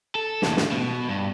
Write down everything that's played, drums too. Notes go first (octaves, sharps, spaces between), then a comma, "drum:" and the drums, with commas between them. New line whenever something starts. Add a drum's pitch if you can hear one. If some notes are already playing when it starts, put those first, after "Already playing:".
A4
D#2 A2, drum: snare
drum: snare
B2
G2